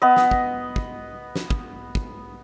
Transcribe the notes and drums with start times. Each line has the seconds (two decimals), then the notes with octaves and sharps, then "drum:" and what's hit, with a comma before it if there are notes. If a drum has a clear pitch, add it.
0.02 B3 D#5
0.16 drum: snare
0.31 drum: kick
0.76 drum: kick
1.36 drum: snare
1.50 drum: kick
1.95 drum: kick